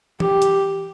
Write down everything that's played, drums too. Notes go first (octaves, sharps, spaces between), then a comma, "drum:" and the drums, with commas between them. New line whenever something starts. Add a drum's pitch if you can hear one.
G4, drum: tom E3
drum: hi-hat